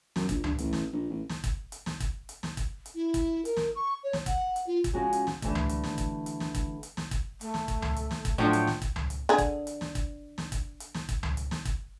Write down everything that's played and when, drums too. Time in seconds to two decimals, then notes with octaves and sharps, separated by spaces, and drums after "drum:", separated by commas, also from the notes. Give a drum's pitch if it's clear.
0.16 F#2, drum: snare
0.29 A#1, drum: kick, hi-hat
0.44 G2, drum: tom C#2
0.58 A1, drum: hi-hat
0.73 drum: snare
0.92 A#1
1.10 A1
1.29 drum: snare
1.44 drum: kick, hi-hat
1.72 drum: hi-hat
1.86 drum: snare
2.00 drum: kick, hi-hat
2.29 drum: hi-hat
2.43 drum: snare
2.57 drum: kick, hi-hat
2.86 drum: hi-hat
2.95 E4
3.14 drum: kick, hi-hat
3.45 A#4, drum: hi-hat
3.57 drum: snare
3.75 C#6
4.04 C#5
4.13 drum: snare
4.26 F#5, drum: kick, hi-hat
4.56 drum: hi-hat
4.67 F4
4.84 drum: kick, hi-hat
4.93 C#3 F3 G#3 C#4 F#4
5.13 drum: hi-hat
5.27 drum: snare
5.42 D3 E3 G3 A3, drum: kick, hi-hat
5.55 drum: tom C#2
5.69 drum: hi-hat
5.84 drum: snare
5.98 drum: kick, hi-hat
6.26 drum: hi-hat
6.40 drum: snare
6.55 drum: kick, hi-hat
6.83 drum: hi-hat
6.97 drum: snare
7.11 drum: kick, hi-hat
7.41 A3, drum: hi-hat
7.54 drum: snare
7.68 drum: kick, hi-hat
7.82 drum: tom C#2
7.96 drum: hi-hat
8.11 drum: snare
8.25 drum: kick, hi-hat
8.38 A2 F3 F#3 A3 D4 G5
8.53 drum: hi-hat
8.67 drum: snare
8.82 drum: kick, hi-hat
8.96 drum: tom C#2
9.10 drum: hi-hat
9.29 D3 G#4
9.38 drum: kick, hi-hat
9.67 drum: hi-hat
9.81 drum: snare
9.95 drum: kick, hi-hat
10.38 drum: snare
10.52 drum: kick, hi-hat
10.80 drum: hi-hat
10.94 drum: snare
11.09 drum: kick, hi-hat
11.23 drum: tom C#2
11.37 drum: hi-hat
11.51 drum: snare
11.65 drum: kick, hi-hat